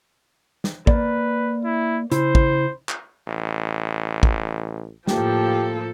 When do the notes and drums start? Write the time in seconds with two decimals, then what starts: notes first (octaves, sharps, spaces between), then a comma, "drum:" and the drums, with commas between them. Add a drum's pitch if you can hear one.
0.64 drum: snare
0.87 A#3 B4 D5, drum: kick
1.64 E4
2.12 C#3 E4 C5, drum: hi-hat
2.35 drum: kick
2.89 drum: clap
3.27 A1
4.23 drum: kick
5.07 A2 F3 A#3 G4 A4, drum: snare